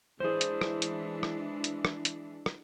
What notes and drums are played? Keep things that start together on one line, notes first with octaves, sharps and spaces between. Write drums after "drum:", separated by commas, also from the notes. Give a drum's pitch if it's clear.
E3 G#3 D4 G#4 C5
drum: hi-hat
drum: rim click
drum: hi-hat
drum: rim click
drum: hi-hat
drum: rim click
drum: hi-hat
drum: rim click